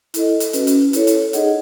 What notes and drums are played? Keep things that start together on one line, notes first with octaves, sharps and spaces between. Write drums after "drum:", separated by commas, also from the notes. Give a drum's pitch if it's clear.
E4 A4 D#5, drum: hi-hat
drum: hi-hat
C#4 F#4 B4, drum: hi-hat
drum: hi-hat
E4 A4 C#5, drum: hi-hat
drum: hi-hat
D#4 G#4 D#5 F#5, drum: hi-hat